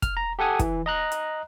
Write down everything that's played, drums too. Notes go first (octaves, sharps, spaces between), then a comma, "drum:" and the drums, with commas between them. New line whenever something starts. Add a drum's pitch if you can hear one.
F6, drum: kick, hi-hat
A#5
G4 A4 F#5 G#5 D#6
E3, drum: kick, hi-hat
D#5 A#5 F#6
drum: hi-hat